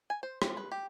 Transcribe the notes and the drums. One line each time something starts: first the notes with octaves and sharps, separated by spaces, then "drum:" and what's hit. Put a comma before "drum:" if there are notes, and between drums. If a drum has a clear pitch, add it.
G#5
C5
C4, drum: rim click
B4
G4